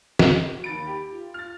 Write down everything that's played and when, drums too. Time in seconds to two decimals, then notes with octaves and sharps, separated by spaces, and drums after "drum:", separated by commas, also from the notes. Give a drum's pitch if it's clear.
0.19 drum: snare
0.45 F#4
0.64 D#2 B5 A6 D7
0.87 G4
1.12 F4
1.34 F6 A6